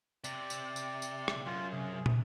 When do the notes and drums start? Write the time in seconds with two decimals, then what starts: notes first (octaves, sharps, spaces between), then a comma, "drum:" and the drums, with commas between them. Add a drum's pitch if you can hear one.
0.24 C3 D5, drum: tambourine
0.50 drum: tambourine
0.76 drum: tambourine
1.02 drum: tambourine
1.28 drum: rim click
1.46 F#2 F4
1.72 C3 C#4 G#4
2.06 drum: tom